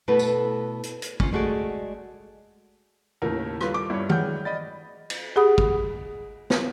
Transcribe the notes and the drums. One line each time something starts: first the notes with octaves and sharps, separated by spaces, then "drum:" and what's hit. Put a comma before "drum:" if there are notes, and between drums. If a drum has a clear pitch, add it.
B2 A3 E4 A4 B4
drum: tambourine
drum: hi-hat
drum: hi-hat
C#4 D#4 F4, drum: kick
G#3 A3 F#4 G#4 C5 D5
D#2 A2 C#3 A#4
G3 F4 A4 B4, drum: rim click
D6
G2 E4 C#5
G#4 F#5 G5 F6 G6, drum: tom
D5 D#5 B5 A6
drum: cymbal
G4 G#4 F#5 B5 D#6
drum: kick
drum: snare